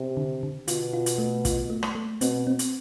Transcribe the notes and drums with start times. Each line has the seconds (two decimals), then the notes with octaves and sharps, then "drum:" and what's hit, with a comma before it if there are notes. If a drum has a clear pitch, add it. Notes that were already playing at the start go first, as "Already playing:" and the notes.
Already playing: C3
0.17 D3
0.43 D3
0.68 B2 F4, drum: hi-hat
0.93 F4
1.06 drum: hi-hat
1.18 A3
1.45 F4, drum: kick, hi-hat
1.70 A3
1.83 drum: rim click
1.95 A3
2.21 B2 C4, drum: hi-hat
2.47 C4
2.59 drum: hi-hat